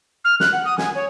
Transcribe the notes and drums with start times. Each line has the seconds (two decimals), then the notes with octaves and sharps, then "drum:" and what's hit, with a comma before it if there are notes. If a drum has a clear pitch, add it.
0.24 F6
0.40 F#6, drum: snare
0.52 F#5
0.65 D#6
0.78 G#5, drum: snare
0.95 C#5